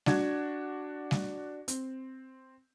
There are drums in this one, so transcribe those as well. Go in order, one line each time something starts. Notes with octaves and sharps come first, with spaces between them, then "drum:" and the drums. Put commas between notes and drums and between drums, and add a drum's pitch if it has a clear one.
D4 F#4 G#6, drum: snare G3
drum: snare G3
C4, drum: hi-hat